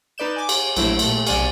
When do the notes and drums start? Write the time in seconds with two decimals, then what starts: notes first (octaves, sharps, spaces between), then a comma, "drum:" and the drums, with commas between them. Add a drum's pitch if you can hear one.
0.18 D#4 B4 D5 G6 E7
0.36 G#5 D6
0.49 drum: cymbal
0.76 A#1 F#3 A3 E4 C5 D7, drum: cymbal
0.99 A#2 A3, drum: cymbal
1.27 B1 C3 D5 F#5 G#5 F6, drum: cymbal